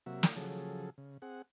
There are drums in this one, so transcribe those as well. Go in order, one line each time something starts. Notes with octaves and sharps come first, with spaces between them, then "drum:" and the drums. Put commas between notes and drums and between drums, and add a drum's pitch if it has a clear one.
C3 F#3 A#3 F#4 E5
drum: snare
C#3 F3 F#3 G#4 A4
C#3
C4 G#4 F#5